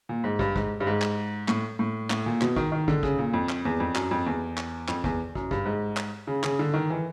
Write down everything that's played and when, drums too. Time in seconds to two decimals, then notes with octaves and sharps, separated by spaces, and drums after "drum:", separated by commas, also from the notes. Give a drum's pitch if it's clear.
0.09 A#2
0.24 G#2
0.39 G2, drum: kick
0.56 G#2, drum: kick
0.80 G2
0.87 G#2
1.02 drum: clap
1.48 A2, drum: clap
1.79 A2
2.10 A2, drum: clap
2.26 A#2
2.42 B2, drum: clap
2.56 D#3, drum: kick
2.72 D#3
2.88 D3, drum: kick
3.03 C#3, drum: kick
3.19 A#2
3.34 F2
3.49 drum: clap
3.65 E2
3.80 F2
3.96 F#2, drum: clap
4.11 F2
4.26 E2
4.58 drum: clap
4.88 F2, drum: clap
5.04 E2, drum: kick
5.35 F#2, drum: kick
5.51 G2, drum: kick
5.65 G#2
5.97 drum: clap
6.27 C#3
6.44 C#3, drum: clap
6.59 D3
6.74 D#3
6.90 E3